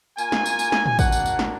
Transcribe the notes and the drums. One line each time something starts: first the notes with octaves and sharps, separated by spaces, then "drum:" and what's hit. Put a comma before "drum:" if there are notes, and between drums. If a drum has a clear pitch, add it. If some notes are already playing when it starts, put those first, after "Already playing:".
A#3 F4 G#5, drum: tambourine
drum: snare
drum: tambourine
drum: tambourine
drum: snare
drum: tom A2
A#3 D4 F#4 F#5, drum: kick, tambourine
drum: tambourine
drum: tambourine
drum: snare